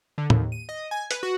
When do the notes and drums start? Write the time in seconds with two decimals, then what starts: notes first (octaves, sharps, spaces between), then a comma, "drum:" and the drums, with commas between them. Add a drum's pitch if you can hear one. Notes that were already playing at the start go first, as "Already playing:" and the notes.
0.18 D3
0.30 D#2, drum: tom
0.52 D#7
0.69 D#5
0.91 G#5
1.11 B4, drum: hi-hat
1.23 F#4